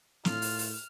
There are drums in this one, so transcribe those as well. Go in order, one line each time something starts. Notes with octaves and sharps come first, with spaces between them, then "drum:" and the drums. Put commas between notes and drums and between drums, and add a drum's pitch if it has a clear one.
A2 F4 F6, drum: snare
drum: open hi-hat
drum: open hi-hat